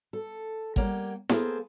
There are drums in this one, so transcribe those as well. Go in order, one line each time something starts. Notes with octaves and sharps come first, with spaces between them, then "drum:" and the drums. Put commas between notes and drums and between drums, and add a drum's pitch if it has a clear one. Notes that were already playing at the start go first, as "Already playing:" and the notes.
A4
G3 A#3 C#5 F#5, drum: kick G#1
A#3 B3 G#4 A4 C5, drum: snare E4